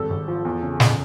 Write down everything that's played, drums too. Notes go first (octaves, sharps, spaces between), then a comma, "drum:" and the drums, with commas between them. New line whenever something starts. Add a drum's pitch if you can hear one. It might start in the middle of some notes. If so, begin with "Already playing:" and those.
Already playing: G#1 G3 A4
G#1
F3
E2
C#3
F#1, drum: snare